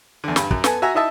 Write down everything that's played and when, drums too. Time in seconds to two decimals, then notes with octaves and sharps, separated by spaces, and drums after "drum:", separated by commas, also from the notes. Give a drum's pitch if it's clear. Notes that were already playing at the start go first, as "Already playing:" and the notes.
0.24 E2 D3
0.36 G2, drum: snare
0.51 F#2, drum: kick
0.64 B3 A4 G#5, drum: snare
0.82 F#4 E5 G#5 A#5
0.95 D#4 E4 D#5 E5 A5